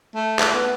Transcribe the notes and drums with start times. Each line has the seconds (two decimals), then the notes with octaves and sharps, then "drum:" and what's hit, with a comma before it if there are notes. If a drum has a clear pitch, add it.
0.15 A3
0.39 A3, drum: clap
0.54 B3